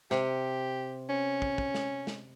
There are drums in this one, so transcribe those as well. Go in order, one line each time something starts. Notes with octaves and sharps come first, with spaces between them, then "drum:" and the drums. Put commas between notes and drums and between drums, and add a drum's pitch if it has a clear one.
C3 G4, drum: snare
C#4
drum: kick
drum: kick
drum: snare
drum: snare